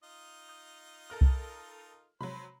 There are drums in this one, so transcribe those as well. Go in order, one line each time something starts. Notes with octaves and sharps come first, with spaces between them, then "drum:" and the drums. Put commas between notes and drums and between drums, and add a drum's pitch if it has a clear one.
D#4 F4 D#5 F#6
D#6 G6
A4 A#4 F6
drum: kick C2
C3 F3 F#3 G#3 C5 B5